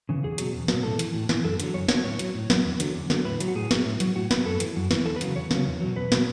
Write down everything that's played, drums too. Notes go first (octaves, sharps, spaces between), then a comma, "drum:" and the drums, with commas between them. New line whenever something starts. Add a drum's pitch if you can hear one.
C#3 E3
E2 G#4
B2 F#3, drum: hi-hat
E2
B2 F#3, drum: snare
A2 A4
E3, drum: hi-hat
A2
E3, drum: snare
F#2 A4
D3 F#3, drum: hi-hat
F#2 C#5
D3 F#3 C#5, drum: snare
A2 C#5
F#3, drum: hi-hat
A2
F#3, drum: snare
E2
D3 F#3, drum: hi-hat
E2
D3 F#3, drum: snare
A2 B4
F#3, drum: hi-hat
F#4
A2 G#4
F#3, drum: snare
A2
F#3, drum: hi-hat
A2 F#4
F#3 B4, drum: snare
F#2 A4
E3, drum: hi-hat
F#2
E3, drum: snare
E2 A4
B4
C#3 F#3, drum: hi-hat
E2 C#5
C#3 F#3, drum: snare
E2
B2 F#3
E2 B4
B2 F#3, drum: snare